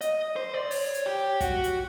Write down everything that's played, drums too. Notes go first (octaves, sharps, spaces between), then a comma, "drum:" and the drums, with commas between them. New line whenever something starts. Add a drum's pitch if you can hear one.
D#5, drum: hi-hat
C5
D5
C#5, drum: open hi-hat
drum: hi-hat
G4
F#4, drum: kick, hi-hat
drum: hi-hat